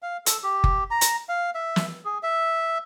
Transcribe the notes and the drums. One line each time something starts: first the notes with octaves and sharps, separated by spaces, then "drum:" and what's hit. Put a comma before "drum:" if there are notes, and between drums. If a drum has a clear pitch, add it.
F5
A4, drum: hi-hat
G4
drum: kick F#1
A#5
drum: hi-hat
F5
E5
drum: snare
G#4
E5